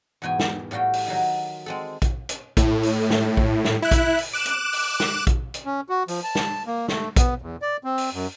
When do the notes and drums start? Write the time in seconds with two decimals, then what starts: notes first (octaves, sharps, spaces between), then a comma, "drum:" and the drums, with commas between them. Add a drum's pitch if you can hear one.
0.22 E2 G#2 B2 G5 G#5
0.39 drum: snare
0.71 A2 G3 F#4 F5 G5
0.93 drum: open hi-hat
1.07 D#3 F#3
1.66 G#3 C4 A4
2.02 drum: kick A#1, hi-hat
2.29 drum: hi-hat
2.57 A2, drum: kick A#1, hi-hat
2.83 drum: open hi-hat
3.10 drum: snare
3.37 drum: kick A#1
3.64 drum: snare
3.82 E4 F#6
3.91 drum: kick A#1, hi-hat
4.19 drum: open hi-hat
4.33 D6 F#6 E7
4.46 drum: hi-hat
4.73 drum: open hi-hat
5.00 drum: snare
5.27 drum: kick A#1, hi-hat
5.54 drum: hi-hat
5.66 C#4
5.89 F#4
6.08 F3, drum: open hi-hat
6.23 A5
6.35 drum: snare
6.67 A#3
6.88 A3, drum: snare
7.16 B3, drum: kick A#1, hi-hat
7.42 E2
7.62 D5
7.84 C4
7.98 drum: open hi-hat
8.13 F#2